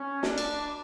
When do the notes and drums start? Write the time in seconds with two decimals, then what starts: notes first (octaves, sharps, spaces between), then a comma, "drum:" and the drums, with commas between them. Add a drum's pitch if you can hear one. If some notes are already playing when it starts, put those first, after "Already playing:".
Already playing: C#4
0.23 D4, drum: snare
0.38 drum: cymbal